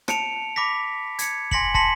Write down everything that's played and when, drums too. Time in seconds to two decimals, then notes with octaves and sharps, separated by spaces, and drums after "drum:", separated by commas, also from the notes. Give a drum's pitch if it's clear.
0.08 A5 C#7 D7 F7, drum: rim click
0.56 B5 D6 A#6 B6
1.19 G#6 C#7, drum: hi-hat
1.51 G#5 C6 A#6 B6 C#7 F#7, drum: kick
1.74 A5 C6 A#6 B6 C#7 F#7, drum: kick